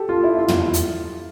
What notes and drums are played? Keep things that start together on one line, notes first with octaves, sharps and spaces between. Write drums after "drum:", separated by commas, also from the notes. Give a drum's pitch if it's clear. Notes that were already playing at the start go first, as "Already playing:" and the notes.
Already playing: G4 A4
F4
E4
F4
drum: tom
drum: hi-hat